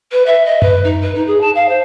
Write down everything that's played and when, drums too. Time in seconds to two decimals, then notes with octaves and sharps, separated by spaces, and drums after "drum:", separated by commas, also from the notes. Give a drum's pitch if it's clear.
0.12 B4
0.26 E5
0.46 D#5
0.62 B4, drum: tom F#2
0.84 D#4
1.02 B4
1.15 D#4
1.27 G#4
1.41 A5
1.55 F5
1.69 C5